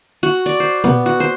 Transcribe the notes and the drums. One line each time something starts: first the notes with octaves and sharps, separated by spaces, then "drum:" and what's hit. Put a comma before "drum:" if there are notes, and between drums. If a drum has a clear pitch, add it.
F#4
D5, drum: cymbal
C5
B3, drum: tom A#2
F#4
C5